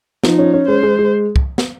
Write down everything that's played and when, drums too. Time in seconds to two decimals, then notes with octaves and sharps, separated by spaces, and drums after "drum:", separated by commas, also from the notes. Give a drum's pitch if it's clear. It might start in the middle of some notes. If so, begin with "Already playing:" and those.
0.24 F3 D#4, drum: snare
0.39 C#4
0.53 C#4
0.68 G#3 C5
0.83 G#3
0.99 G#3
1.36 drum: kick C2
1.58 drum: snare